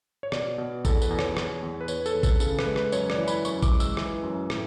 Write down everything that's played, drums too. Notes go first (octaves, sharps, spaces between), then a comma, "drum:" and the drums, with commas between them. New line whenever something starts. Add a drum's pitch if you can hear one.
C#5
B2 D5, drum: rim click
B2
E2 A4, drum: kick, tambourine
B4, drum: tambourine
E2
C#5, drum: rim click
E2, drum: rim click
E2
B4
E2 C#5, drum: tambourine
A4, drum: tambourine
E2
A4, drum: kick, tambourine
C#3 A4, drum: tambourine
B4, drum: rim click
G#3
B4, drum: rim click
F#2 C#5, drum: tambourine
D5, drum: rim click
E3
B5, drum: tambourine
F#2 C#6, drum: tambourine
D6, drum: kick, tambourine
G#3
E6, drum: tambourine
E3, drum: rim click
F#2
A2, drum: rim click